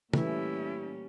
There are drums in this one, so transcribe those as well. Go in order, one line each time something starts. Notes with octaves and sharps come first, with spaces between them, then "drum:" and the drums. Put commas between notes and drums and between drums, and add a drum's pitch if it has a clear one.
A#2 E3 G3 A3 C#4 E4, drum: tom